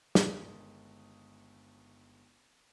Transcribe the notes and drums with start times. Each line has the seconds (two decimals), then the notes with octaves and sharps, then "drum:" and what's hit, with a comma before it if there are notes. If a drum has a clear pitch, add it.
0.15 G1 D#3 G#3 D#6, drum: snare